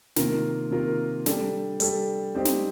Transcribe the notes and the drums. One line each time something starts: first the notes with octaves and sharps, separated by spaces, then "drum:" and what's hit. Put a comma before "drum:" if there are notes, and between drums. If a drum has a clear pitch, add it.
C3 D#3 A#3 F4 A#4, drum: snare
C3 D#3 A#3 F4 A#4
G3 D4 A4, drum: snare
G3 D4 A4, drum: hi-hat
G3 C4 D#4 G4 C5
drum: snare